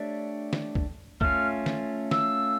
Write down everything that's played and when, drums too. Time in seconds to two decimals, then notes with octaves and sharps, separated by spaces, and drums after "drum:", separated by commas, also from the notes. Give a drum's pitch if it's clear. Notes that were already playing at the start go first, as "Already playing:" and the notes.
Already playing: A3 D4 G4 C#5
0.53 drum: snare
0.75 drum: kick
1.21 A3 C#4 F4 F6, drum: kick
1.66 drum: snare
2.11 E6, drum: snare